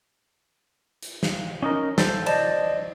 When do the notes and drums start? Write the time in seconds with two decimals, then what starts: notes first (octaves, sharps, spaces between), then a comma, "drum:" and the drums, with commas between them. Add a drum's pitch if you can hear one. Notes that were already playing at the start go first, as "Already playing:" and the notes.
1.02 drum: hi-hat
1.23 drum: snare
1.62 C#4 D#4 A#4
1.98 A4 C5, drum: snare
2.26 C5 D5 D#5 A5, drum: cymbal